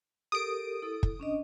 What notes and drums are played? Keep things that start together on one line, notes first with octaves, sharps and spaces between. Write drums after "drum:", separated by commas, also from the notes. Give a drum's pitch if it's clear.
G4 A4 A#4 D#6 D7
E4 A4
drum: kick
C#4 D4 D#5